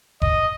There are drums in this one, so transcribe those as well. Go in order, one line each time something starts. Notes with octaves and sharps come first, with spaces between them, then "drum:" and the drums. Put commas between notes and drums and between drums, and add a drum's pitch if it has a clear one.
D#5, drum: kick F1